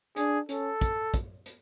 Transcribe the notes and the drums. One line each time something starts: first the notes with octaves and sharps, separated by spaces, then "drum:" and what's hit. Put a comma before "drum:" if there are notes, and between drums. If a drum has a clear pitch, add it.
D4 G#4, drum: hi-hat
C#4 A4, drum: hi-hat
drum: kick, hi-hat
drum: kick, hi-hat
drum: hi-hat